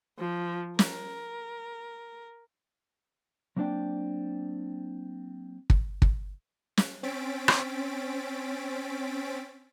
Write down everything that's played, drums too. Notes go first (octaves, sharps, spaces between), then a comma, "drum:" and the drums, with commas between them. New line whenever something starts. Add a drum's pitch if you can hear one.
F3
A#4, drum: snare
F#3 A#3 C4 D4 D5 G5
drum: kick
drum: kick
drum: snare
C4 C#4 A6 B6 D7
drum: rim click